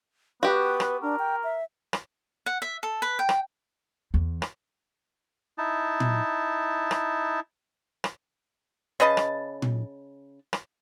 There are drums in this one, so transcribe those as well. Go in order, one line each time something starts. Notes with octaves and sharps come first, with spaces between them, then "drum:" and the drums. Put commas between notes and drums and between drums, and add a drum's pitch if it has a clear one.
B3 F#4 G4 B4
drum: rim click
D4 A#4
G5
E5
drum: rim click
F#5
E5
A4
B4
G5
drum: rim click
E2
drum: rim click
D#4 E4 A5
drum: tom A#2
drum: rim click
drum: rim click
C#3 B4 D#5 A5
drum: rim click
drum: tom A#2
drum: rim click